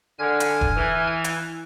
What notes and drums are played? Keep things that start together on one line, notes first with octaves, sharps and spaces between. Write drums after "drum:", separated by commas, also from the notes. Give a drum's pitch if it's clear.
D3 G#5 F6 G#6
drum: hi-hat
drum: kick E1
E3
drum: hi-hat